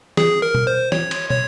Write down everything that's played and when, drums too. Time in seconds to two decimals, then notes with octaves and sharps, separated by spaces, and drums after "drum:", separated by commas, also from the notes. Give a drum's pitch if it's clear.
0.17 G#4, drum: snare
0.42 A#4
0.55 drum: tom
0.67 C5
0.92 C#5, drum: snare
1.11 drum: cymbal
1.30 C#5, drum: tom